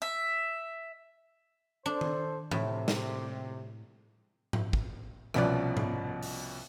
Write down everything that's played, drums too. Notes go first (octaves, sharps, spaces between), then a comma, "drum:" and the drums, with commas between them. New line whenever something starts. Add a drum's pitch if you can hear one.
E5
D4 A4 C5
drum: tom D#3
A2 C3, drum: tom E3
drum: snare
drum: tom G#2
drum: kick
C2 B2 F3 C#4 D5 F#6, drum: rim click
drum: tom G#2
drum: open hi-hat